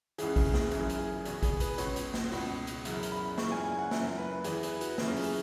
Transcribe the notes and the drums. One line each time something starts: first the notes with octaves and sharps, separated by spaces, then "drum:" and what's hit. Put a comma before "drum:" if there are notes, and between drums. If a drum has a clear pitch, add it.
C#2 C#3 E3 G#4, drum: hi-hat
drum: kick G#1, open hi-hat
G#4, drum: snare
F#2 C#3 E3 G#4, drum: hi-hat
drum: hi-hat
G#4
E2 B2, drum: hi-hat
G#4, drum: kick G#1, hi-hat
B4, drum: hi-hat
C#2 B2 C#5, drum: hi-hat
drum: hi-hat
drum: snare
C#2 B2, drum: open hi-hat
drum: hi-hat
F#2 C#3 E3 F#5, drum: hi-hat
drum: hi-hat
B5
F#2 C#3 E3 C#6, drum: snare
G#5
G#5
F#5
F#2 E3 E5, drum: snare
B4
E2 E3 G#4, drum: hi-hat
B4, drum: hi-hat
F#4, drum: hi-hat
F#2 C#3 E3 G#4, drum: snare
G#4, drum: open hi-hat